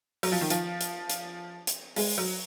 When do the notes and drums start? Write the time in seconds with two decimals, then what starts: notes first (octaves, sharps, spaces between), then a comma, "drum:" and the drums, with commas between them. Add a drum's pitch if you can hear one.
0.23 F#3, drum: open hi-hat
0.32 F3
0.41 D#3
0.50 F3, drum: hi-hat
0.81 drum: hi-hat
1.10 drum: hi-hat
1.67 drum: hi-hat
1.96 G#3, drum: open hi-hat
2.18 F#3